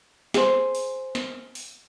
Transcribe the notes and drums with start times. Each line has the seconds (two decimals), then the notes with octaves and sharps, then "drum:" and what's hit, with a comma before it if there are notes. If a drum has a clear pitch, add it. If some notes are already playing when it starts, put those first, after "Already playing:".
0.34 G#4 C5, drum: snare
0.75 drum: open hi-hat
1.15 drum: snare
1.55 drum: open hi-hat